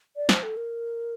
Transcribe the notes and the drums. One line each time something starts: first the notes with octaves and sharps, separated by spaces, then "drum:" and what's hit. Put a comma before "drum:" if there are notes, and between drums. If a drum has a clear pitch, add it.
D5
C5, drum: snare
A4
A#4